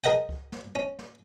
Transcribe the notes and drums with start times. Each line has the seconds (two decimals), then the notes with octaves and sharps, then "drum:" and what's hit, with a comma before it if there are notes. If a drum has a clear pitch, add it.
0.04 G#4 A#4 D#5 F#5 G5
0.29 drum: kick C#2
0.52 drum: snare
0.75 C#4
0.99 drum: snare